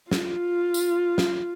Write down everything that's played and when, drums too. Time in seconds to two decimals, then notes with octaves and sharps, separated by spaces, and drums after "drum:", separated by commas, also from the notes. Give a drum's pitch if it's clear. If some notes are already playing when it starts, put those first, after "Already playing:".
0.11 F4, drum: snare
0.74 drum: tambourine
1.18 drum: snare